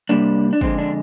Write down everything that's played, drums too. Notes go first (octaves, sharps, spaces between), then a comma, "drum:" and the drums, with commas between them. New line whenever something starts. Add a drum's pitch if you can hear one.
C3 G3 A#3 D4
D4
F2 D3 G#3 C4, drum: kick
D4